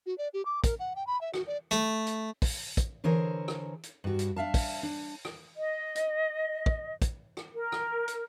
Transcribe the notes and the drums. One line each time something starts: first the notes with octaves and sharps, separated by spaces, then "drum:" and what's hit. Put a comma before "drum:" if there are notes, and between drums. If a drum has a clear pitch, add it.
F#4
D5
G4
D6
A#4, drum: kick, hi-hat
F#5
G5
B5
E5
F#4, drum: rim click
D5
A3, drum: hi-hat
drum: hi-hat
drum: kick, open hi-hat
drum: kick, hi-hat
D3 E3 G#4 A#4 C5 C#5
drum: rim click
drum: hi-hat
G2 F#4
drum: hi-hat
D4 E5 F5 A5
drum: kick, open hi-hat
D4
drum: rim click
D#5
drum: hi-hat
drum: kick
drum: kick, hi-hat
drum: rim click
A#4
drum: rim click
drum: hi-hat